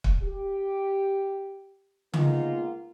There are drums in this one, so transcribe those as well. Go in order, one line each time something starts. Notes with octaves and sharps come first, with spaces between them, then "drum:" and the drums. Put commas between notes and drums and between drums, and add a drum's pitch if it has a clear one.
drum: kick
G4
G#3 A#3 B3 D#4 F4, drum: tom C#3